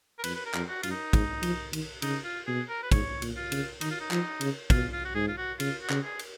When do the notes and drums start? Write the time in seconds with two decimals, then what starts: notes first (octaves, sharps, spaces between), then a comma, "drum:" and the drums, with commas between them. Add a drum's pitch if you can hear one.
0.19 A#4
0.24 F2 B4, drum: cymbal
0.35 B4
0.46 A#4
0.54 F2, drum: clap
0.69 F#4
0.83 F#2 F4, drum: cymbal
0.91 D#4
1.13 G#2, drum: kick, cymbal
1.43 F3, drum: cymbal
1.73 D#3, drum: cymbal
2.02 C#3 D#4, drum: cymbal
2.25 F4
2.47 B2 G#4
2.69 A#4
2.83 B4
2.92 G#2 C#5, drum: kick, cymbal
3.22 A#2, drum: cymbal
3.37 F4
3.52 C#3, drum: cymbal
3.81 D#3 D#4, drum: cymbal
3.91 F4
4.00 D#4
4.11 F3, drum: clap
4.41 C#3, drum: cymbal
4.70 B2 F4, drum: kick, cymbal
4.93 F4
5.05 F#4
5.15 G#2 G#4
5.28 F4
5.37 F#4
5.60 C#3 F4, drum: cymbal
5.82 F#4
5.90 C#3, drum: clap
6.04 G#4
6.19 drum: cymbal